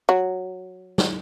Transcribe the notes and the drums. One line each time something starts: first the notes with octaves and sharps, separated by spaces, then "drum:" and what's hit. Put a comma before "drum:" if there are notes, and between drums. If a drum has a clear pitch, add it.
F#3
drum: snare